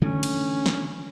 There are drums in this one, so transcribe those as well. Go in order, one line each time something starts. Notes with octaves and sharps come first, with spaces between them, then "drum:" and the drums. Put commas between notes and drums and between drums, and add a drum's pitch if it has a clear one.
D3 E3 A3 C#4
drum: cymbal
drum: snare